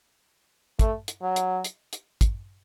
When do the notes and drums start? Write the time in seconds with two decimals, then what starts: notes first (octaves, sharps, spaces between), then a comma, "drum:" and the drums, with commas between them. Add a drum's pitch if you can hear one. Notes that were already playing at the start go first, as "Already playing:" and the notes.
0.79 A3, drum: kick, hi-hat
1.08 drum: hi-hat
1.23 F#3
1.36 drum: hi-hat
1.64 drum: hi-hat
1.93 drum: hi-hat
2.21 drum: kick, hi-hat